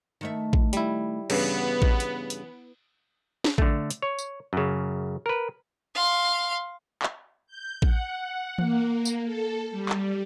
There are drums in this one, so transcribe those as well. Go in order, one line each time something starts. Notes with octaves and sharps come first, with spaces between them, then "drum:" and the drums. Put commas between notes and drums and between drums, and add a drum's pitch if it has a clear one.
D#3 A3 E5
drum: kick A1
G3 E4, drum: hi-hat
G2 C#3 E3 B3, drum: cymbal
drum: kick A1
drum: hi-hat
drum: hi-hat
drum: snare
D3 A3, drum: kick A1
drum: hi-hat
C#5
drum: tambourine
F#2 C#3
A#4 B4
F5 C6
drum: clap
G6
F#5, drum: kick A1
A#3, drum: tom E3
drum: tambourine
A4
G3
drum: clap